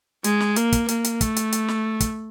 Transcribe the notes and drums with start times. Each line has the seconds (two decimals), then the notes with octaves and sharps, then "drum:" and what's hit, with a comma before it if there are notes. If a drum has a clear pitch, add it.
0.24 G#3, drum: hi-hat
0.40 drum: snare
0.56 A#3, drum: hi-hat
0.72 drum: kick, hi-hat
0.88 A#3, drum: hi-hat
1.04 drum: hi-hat
1.21 A3, drum: kick, hi-hat
1.36 drum: hi-hat
1.52 drum: hi-hat
1.68 drum: snare
2.00 drum: kick, hi-hat